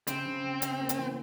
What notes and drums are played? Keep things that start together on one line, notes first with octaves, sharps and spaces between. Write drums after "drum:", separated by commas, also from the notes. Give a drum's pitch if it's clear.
C#3 C4, drum: hi-hat
C#3
C#3
C#3, drum: hi-hat
A#3
drum: hi-hat
E3